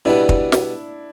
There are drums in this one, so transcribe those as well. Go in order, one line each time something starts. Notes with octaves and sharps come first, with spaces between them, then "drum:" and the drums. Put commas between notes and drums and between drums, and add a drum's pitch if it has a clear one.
B2 G3 B3 D4 E4
drum: kick
drum: snare